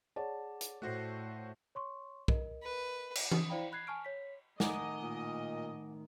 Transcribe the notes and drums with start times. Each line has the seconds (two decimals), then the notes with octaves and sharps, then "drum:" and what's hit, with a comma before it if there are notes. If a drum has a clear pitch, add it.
0.16 G#4 C#5 D5 F#5 A5
0.61 drum: hi-hat
0.82 A2 A3 F#4 C5 F#6 A#6 C7
1.75 C#5 C6 C#6
2.28 A#4 D#5, drum: kick
2.63 B4
3.15 drum: cymbal
3.31 D#6, drum: tom E3
3.50 E4 C5 D5 F5 G5 B5
3.72 B5 F#6 G#6 C7
3.87 G#5 A5 C#6 F6 D7
4.05 C#5 B6
4.60 A2 D#3 A#4 D#5 F#5 G#5 D6, drum: snare
5.01 A#2